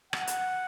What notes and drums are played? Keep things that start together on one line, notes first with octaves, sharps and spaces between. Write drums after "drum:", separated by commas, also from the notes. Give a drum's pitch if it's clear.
F#5, drum: rim click
drum: hi-hat